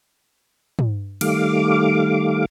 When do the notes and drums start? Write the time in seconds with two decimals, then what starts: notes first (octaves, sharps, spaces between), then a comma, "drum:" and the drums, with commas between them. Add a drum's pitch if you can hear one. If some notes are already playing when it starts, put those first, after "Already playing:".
0.79 drum: tom
1.21 D#3 G3 A3 F5 D6, drum: cymbal